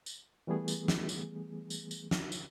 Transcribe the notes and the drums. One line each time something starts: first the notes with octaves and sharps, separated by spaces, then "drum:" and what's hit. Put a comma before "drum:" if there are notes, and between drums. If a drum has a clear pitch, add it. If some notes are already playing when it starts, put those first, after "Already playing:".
drum: tambourine
E3 G3 A3 B3 G#4
drum: tambourine
drum: snare
drum: tambourine
drum: tambourine
drum: tambourine
drum: snare
drum: tambourine